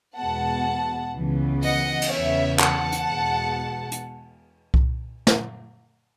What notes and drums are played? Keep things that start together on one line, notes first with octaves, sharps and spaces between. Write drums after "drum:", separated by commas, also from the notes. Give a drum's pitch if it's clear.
E2 B2 G#3 B3 F#5 A5
C#2 C#3 E3 B3
D#5 F#5, drum: open hi-hat
drum: cymbal
E2 C#3 E3 B3 C#5 E5
F#5 A5, drum: clap
drum: hi-hat
E2 B2 G#3
drum: hi-hat
drum: kick C2
drum: snare